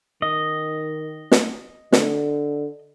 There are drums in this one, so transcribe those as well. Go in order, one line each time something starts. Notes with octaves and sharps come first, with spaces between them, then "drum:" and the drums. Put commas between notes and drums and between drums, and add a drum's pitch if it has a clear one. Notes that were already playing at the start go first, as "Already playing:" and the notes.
D#3 D#5
drum: snare
D3, drum: snare